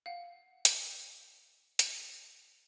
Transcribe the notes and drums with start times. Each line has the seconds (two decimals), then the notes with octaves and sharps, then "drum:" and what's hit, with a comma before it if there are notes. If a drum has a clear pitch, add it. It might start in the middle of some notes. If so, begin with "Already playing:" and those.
0.06 F5 F#5
0.65 drum: hi-hat
1.79 drum: hi-hat